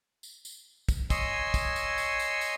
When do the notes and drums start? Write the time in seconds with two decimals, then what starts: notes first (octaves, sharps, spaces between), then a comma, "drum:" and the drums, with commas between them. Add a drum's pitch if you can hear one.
0.23 drum: tambourine
0.45 drum: tambourine
0.89 drum: kick, tambourine
1.10 C#5 D#5 G#5 C6 E6, drum: kick, tambourine
1.54 drum: kick, tambourine
1.76 drum: tambourine
1.98 drum: tambourine
2.19 drum: tambourine
2.41 drum: tambourine